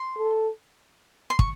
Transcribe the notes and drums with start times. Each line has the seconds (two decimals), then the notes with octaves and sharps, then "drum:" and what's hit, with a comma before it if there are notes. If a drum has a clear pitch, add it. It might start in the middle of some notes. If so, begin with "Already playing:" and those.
Already playing: C6
0.18 A4
1.30 C6
1.39 C#6, drum: kick